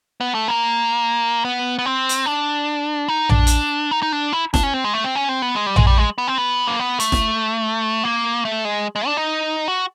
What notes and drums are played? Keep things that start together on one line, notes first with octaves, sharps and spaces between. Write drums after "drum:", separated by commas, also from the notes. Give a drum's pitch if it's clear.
B3
A3
A#3
B3
B3
C4
drum: hi-hat
D4
D#4
D4, drum: tom A#1
drum: hi-hat
D#4
D#4
D4
E4
D4, drum: snare
C#4
C4
G#3
A3
C4
C#4
C4
B3
G#3
G3
G#3, drum: tom A#1
G3
G#3
B3
C4
B3
A#3
B3
A3, drum: hi-hat
drum: snare
A#3
A3
G#3
G#3
D4
D#4
F#4